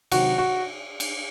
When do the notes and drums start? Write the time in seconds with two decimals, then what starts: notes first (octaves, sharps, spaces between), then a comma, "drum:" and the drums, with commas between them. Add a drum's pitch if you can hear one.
0.11 C3 D#3 F#3 F#4, drum: cymbal
0.38 F#4
1.00 drum: cymbal